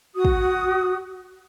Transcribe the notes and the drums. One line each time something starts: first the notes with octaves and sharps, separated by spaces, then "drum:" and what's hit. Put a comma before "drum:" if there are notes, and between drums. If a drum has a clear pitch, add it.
F#4 D#6
drum: kick